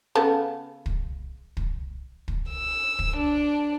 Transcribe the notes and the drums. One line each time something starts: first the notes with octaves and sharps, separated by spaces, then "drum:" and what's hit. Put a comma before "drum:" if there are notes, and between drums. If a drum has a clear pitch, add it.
C#3 B3 A4
drum: kick
drum: kick
drum: kick
E6
drum: kick
D4